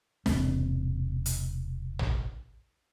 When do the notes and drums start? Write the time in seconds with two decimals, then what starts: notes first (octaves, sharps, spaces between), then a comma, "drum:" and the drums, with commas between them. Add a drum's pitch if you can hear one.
0.26 E1 C2 C4, drum: snare
1.26 drum: hi-hat
1.99 drum: tom